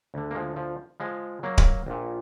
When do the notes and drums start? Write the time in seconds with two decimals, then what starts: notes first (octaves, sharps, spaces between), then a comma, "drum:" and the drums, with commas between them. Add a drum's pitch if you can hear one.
0.14 D2 D3
0.31 A#3
0.35 F3 G#3
0.56 F3
1.00 F3 G#3
1.43 F#3 A#3
1.58 drum: kick D1
1.87 A#1 A#2